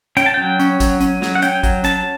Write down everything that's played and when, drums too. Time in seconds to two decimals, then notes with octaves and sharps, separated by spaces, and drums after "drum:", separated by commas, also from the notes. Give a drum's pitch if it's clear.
0.17 C#4 G5, drum: hi-hat
0.26 A5
0.34 F#3 G5
0.59 C#4, drum: hi-hat
0.80 F#3, drum: kick G#1, hi-hat
1.00 C#4, drum: hi-hat
1.22 F#3, drum: snare
1.35 F#5
1.42 C#4 G5, drum: hi-hat
1.63 F#3, drum: kick G#1, hi-hat
1.84 C#4 A5, drum: hi-hat